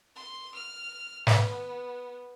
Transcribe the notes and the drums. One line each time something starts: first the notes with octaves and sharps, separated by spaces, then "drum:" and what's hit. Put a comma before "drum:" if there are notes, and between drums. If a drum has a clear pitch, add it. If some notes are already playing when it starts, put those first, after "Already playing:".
C6
F6
B3, drum: snare